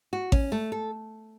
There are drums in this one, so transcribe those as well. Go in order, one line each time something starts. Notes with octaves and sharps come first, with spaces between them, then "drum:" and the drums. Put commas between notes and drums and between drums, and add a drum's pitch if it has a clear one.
F#4
C#4, drum: kick A1
A3
A4